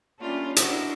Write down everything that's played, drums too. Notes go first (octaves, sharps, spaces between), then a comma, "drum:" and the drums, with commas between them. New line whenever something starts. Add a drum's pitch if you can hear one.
G3 A3 A#3 C#4 D4 F4
D4 E4 F#4 A#4 D#5 E5, drum: hi-hat